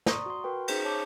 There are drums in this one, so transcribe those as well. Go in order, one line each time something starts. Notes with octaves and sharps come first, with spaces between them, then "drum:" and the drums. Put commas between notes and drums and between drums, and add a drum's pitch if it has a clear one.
D5 A#5 C6 C#6 D#6, drum: snare
F#4 C6
F#4 A#4 B4 G5
C#4 D#4 G#4 C5 G6 B6, drum: cymbal
C#5 A5 D6 G6